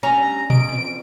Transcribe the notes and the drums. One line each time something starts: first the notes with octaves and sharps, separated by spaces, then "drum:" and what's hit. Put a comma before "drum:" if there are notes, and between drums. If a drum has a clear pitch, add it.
G2 G3 C#4 G#5 A#5
E2 B2 D#5 D7, drum: tom A#2
E3 F3 C4